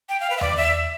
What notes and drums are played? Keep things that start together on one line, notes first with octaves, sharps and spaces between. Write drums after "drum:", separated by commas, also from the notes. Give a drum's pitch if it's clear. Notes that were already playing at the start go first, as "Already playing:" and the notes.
G5
F5
B4
E5
D5, drum: tom E2
E5